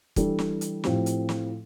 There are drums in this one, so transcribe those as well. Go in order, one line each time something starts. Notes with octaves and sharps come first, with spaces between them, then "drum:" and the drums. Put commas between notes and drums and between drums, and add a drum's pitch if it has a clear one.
E3 G3 D4 A4, drum: kick, hi-hat
drum: snare
drum: hi-hat
A2 F3 C4 E4 G4, drum: snare
drum: hi-hat
drum: snare